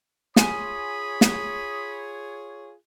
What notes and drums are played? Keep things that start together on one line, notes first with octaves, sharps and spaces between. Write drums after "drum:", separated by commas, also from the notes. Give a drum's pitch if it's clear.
F4 G#4 C#5 G#5 B5 C6 D#6 F6, drum: snare
drum: snare